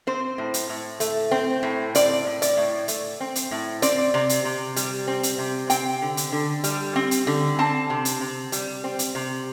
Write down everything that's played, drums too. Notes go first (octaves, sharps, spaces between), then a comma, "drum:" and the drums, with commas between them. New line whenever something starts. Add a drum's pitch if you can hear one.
C4 C5
A2
drum: hi-hat
A2
A3, drum: hi-hat
C4
A2
C4 D5, drum: hi-hat
A2
D5, drum: hi-hat
A2
A3, drum: hi-hat
C4
drum: hi-hat
A2
C4 D5, drum: hi-hat
C3
drum: hi-hat
C3
G3, drum: hi-hat
C4
drum: hi-hat
C3
C4 G5, drum: hi-hat
D3
drum: hi-hat
D3
G3, drum: hi-hat
C4
drum: hi-hat
D3
C4 A5
C3
drum: hi-hat
C3
G3, drum: hi-hat
C4
drum: hi-hat
C3